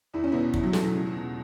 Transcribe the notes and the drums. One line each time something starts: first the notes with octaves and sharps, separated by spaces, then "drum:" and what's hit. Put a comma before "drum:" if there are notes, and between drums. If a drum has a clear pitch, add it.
E2 E4
C#4
B2 B3 E4
E2, drum: kick
F#3
B2 E3 A3, drum: snare
F#3
C#2
B2